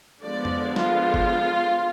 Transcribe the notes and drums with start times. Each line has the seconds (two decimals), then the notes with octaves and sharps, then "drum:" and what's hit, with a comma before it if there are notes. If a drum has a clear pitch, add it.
0.23 D3 F3 G#3 B3 D5
0.45 drum: tom F2
0.76 F4, drum: snare
1.14 drum: kick G1